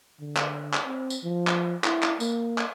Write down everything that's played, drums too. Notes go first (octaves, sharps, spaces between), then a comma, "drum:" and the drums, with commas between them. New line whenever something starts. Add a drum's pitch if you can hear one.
D3
drum: clap
drum: clap
C4
drum: tambourine
F3
drum: clap
E4, drum: clap
drum: clap
A#3, drum: tambourine
drum: clap